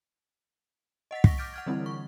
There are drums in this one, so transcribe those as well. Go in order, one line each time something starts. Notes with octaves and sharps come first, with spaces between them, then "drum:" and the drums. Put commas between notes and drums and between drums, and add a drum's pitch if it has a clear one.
D#5 F#5 A6 B6
C#6 A#6 B6, drum: kick
D6 F6 G6 A6 D7
F#5 F6 G#6
D3 E3 G3 C4 E4
C#6